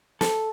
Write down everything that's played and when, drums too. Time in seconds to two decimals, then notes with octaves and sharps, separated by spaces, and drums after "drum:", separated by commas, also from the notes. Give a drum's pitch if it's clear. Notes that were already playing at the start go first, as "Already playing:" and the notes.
0.21 A4, drum: snare